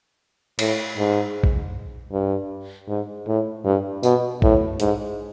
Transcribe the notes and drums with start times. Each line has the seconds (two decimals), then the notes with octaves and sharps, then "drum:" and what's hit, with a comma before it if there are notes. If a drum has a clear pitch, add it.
0.59 A2, drum: cymbal
0.97 G#2
1.44 drum: kick A#1
2.12 G2
2.88 G#2
3.27 A2
3.65 G2
4.03 B2, drum: tambourine
4.42 A2, drum: kick A#1
4.80 G#2, drum: hi-hat